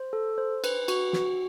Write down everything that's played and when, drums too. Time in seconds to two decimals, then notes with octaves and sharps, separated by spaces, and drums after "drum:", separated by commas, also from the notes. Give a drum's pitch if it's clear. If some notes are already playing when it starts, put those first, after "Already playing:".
Already playing: C5
0.13 A4
0.38 C5
0.64 B4, drum: cymbal
0.88 F#4, drum: cymbal
1.13 F#4, drum: snare